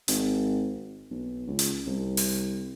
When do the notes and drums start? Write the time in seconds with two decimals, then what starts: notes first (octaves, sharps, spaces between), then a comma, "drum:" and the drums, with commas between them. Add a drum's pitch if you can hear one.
0.08 G#1, drum: hi-hat
1.11 B1
1.48 C#2
1.59 drum: hi-hat
1.87 C2
2.17 drum: open hi-hat